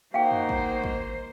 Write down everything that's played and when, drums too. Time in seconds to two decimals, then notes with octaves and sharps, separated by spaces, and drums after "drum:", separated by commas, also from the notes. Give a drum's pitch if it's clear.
0.14 A#3 D#4 F#4 C5 F5 G5
0.31 drum: tom F2
0.49 drum: kick
0.84 drum: kick